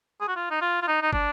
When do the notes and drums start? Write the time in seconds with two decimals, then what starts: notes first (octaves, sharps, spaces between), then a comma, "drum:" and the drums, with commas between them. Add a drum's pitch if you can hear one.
0.21 G#4
0.28 F#4
0.36 F4
0.50 D#4
0.62 F4
0.82 F4
0.87 D#4
1.02 D#4
1.13 D4, drum: kick